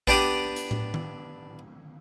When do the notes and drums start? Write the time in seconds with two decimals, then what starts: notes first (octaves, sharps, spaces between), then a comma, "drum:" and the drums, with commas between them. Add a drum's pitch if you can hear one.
0.07 B3 D4 G4 D5 D#6, drum: kick
0.56 drum: hi-hat
0.71 drum: tom A2
0.94 drum: tom D#3